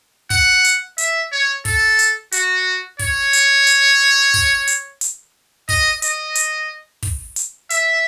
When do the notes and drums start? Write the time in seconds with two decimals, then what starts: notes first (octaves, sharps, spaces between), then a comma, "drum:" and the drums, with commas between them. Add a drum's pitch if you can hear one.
0.30 F#5, drum: kick, open hi-hat
0.64 drum: hi-hat
0.98 E5, drum: hi-hat
1.32 C#5
1.65 A4, drum: kick, open hi-hat
1.99 drum: hi-hat
2.32 F#4, drum: hi-hat
2.99 C#5, drum: kick, open hi-hat
3.33 drum: hi-hat
3.67 drum: hi-hat
4.34 drum: kick, open hi-hat
4.67 drum: hi-hat
5.01 drum: hi-hat
5.69 D#5, drum: kick, open hi-hat
6.02 D#5, drum: hi-hat
6.35 drum: hi-hat
7.03 drum: kick, open hi-hat
7.36 drum: hi-hat
7.70 E5, drum: hi-hat